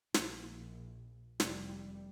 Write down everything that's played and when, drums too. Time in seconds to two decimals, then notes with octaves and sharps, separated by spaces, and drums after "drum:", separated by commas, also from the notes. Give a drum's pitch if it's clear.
0.14 A#1, drum: snare
1.40 F1 G3, drum: snare